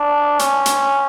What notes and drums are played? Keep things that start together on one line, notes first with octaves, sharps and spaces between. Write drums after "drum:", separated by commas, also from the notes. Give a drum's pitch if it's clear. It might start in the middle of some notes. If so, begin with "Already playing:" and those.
Already playing: D4
C#4, drum: hi-hat
drum: hi-hat